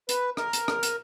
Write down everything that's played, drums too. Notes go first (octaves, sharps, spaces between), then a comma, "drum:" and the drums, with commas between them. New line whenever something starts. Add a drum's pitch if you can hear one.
B4, drum: hi-hat
A#4, drum: rim click
drum: hi-hat
drum: rim click
drum: hi-hat